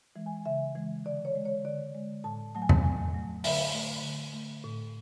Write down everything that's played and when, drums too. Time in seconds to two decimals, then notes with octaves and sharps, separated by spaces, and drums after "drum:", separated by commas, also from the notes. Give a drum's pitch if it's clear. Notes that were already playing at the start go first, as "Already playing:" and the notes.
0.15 E3 G#3
0.26 G#5
0.45 C#3 E5
0.75 E3 G#3
1.05 D3 D5
1.25 C#5
1.35 G#3
1.45 C#5
1.64 D3 D5
1.95 G#3
2.24 A2 A5
2.55 F#3 A3 A5
2.62 G#5
2.69 A5, drum: tom E2
2.84 A2 G#5
3.14 F#3 A3
3.44 D3 E5, drum: open hi-hat
3.73 A3
4.03 D3
4.33 A3
4.64 A2